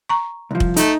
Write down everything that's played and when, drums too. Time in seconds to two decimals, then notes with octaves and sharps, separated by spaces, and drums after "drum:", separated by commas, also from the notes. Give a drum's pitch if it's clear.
0.09 A#5 C#6
0.51 C2 F3
0.60 drum: kick
0.76 A3 D#4, drum: hi-hat